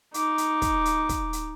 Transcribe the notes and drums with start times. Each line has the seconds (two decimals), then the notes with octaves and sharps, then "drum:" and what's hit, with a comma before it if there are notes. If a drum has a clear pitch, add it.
0.14 D#4 D6, drum: hi-hat
0.38 drum: hi-hat
0.62 drum: kick, hi-hat
0.85 drum: hi-hat
1.09 drum: kick, hi-hat
1.33 drum: hi-hat